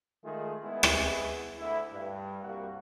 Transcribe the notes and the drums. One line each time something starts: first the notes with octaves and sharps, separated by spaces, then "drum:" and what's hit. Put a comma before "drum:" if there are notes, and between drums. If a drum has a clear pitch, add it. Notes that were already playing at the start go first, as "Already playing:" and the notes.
D#3 G#3 A3 F4 G#4
G#3 B3 E4 G#4
drum: rim click
D2 D3 E4
G2
C2 G3 A#3 F#4